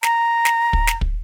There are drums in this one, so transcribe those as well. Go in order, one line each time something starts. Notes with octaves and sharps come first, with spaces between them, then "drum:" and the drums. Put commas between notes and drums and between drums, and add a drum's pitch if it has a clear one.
A#5, drum: snare
drum: snare
drum: kick
drum: snare
drum: kick